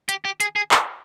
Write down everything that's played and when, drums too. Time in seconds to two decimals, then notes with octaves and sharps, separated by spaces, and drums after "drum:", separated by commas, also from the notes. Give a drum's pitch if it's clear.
0.09 G4, drum: hi-hat
0.25 G4
0.40 G#4, drum: hi-hat
0.56 G#4
0.71 A4, drum: clap